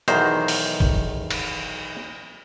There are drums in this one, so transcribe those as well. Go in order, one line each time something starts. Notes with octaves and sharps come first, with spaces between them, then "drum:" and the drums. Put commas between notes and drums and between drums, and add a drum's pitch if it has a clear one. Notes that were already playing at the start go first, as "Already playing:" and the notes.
B1 E2 D#3 C5 A#5, drum: hi-hat
drum: open hi-hat
drum: kick
drum: cymbal